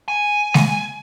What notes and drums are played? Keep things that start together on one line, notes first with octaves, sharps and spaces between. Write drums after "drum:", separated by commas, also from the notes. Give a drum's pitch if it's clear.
G#5
drum: snare G#3